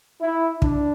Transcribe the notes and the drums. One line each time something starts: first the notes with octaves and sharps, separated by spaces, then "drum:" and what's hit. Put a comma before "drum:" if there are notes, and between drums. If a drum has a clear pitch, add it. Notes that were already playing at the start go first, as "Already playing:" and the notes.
E4
D4, drum: kick